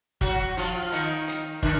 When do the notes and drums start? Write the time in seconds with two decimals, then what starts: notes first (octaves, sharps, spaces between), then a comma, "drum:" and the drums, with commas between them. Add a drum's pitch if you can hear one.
0.21 F#3 F#4, drum: kick, hi-hat
0.57 F3 F4, drum: hi-hat
0.92 D#3 D#4, drum: hi-hat
1.28 drum: hi-hat
1.63 D3 D4, drum: kick